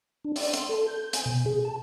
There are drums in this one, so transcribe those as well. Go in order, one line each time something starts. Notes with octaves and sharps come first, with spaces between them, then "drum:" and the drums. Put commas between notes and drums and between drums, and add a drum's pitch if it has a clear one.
D4
D5, drum: open hi-hat
C6, drum: hi-hat
A4
G6
G#5, drum: hi-hat
B2
G#4
A5